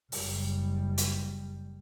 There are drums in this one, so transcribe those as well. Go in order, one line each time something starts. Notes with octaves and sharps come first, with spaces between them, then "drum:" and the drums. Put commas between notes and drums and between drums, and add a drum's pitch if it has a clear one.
F#1 G3, drum: open hi-hat
drum: hi-hat